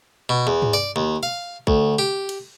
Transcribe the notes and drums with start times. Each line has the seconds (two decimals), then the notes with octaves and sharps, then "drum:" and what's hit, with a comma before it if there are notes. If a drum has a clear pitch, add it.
0.29 B2
0.47 E2
0.62 drum: tom
0.73 D5
0.96 D#2
1.23 F5
1.67 D2, drum: kick
1.99 G4
2.29 drum: cymbal